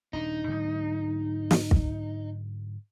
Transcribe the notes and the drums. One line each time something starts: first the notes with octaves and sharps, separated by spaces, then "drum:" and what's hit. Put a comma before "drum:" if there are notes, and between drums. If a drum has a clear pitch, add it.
D#1 D4 D#4
G#2 D3 F#3
drum: snare
drum: kick